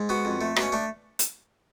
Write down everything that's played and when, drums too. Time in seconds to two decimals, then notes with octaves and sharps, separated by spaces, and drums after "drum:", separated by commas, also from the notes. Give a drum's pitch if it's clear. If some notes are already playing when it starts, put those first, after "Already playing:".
Already playing: G#2
0.09 B3 F#4
0.25 F2
0.41 A3
0.56 B2, drum: rim click
0.62 C#4
0.72 A3 D4
1.19 drum: hi-hat